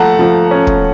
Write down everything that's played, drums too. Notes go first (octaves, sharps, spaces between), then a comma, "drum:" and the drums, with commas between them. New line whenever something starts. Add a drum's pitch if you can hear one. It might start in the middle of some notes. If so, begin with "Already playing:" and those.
Already playing: F3 A3 F#5 A5 A#5
F3
C#4
drum: kick